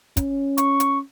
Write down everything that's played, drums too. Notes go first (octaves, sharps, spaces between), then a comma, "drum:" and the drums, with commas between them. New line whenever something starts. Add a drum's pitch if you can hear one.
C#4, drum: kick, hi-hat
C#6, drum: hi-hat
drum: hi-hat